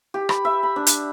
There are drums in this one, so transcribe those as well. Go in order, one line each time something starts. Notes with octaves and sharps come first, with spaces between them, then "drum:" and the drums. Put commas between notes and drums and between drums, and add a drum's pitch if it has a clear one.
G4
B5, drum: rim click
E5
B5
D4
drum: hi-hat